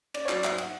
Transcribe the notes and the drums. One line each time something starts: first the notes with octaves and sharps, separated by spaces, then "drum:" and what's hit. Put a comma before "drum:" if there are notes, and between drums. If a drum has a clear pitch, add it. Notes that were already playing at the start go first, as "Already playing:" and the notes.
C#4 D5, drum: cymbal
C#5
F#3 D5, drum: clap
G#2 E5, drum: clap
F#5, drum: cymbal